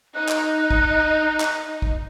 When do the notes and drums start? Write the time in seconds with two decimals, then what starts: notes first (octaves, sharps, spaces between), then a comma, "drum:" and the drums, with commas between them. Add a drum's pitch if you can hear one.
0.15 D#4 F#6
0.29 drum: clap
0.71 drum: kick
1.40 drum: clap
1.82 drum: kick